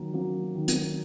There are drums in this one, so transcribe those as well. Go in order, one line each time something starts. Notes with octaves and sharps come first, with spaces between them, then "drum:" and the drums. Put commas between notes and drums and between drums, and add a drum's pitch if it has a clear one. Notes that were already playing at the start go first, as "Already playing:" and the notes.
Already playing: D#3 F#3 A#3
F#3 A#3 C#4
D#3
drum: hi-hat